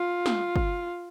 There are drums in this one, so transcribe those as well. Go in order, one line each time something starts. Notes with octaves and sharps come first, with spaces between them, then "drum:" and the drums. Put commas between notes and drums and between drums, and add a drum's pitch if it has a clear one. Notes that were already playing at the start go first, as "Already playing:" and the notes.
Already playing: F4
drum: snare
drum: kick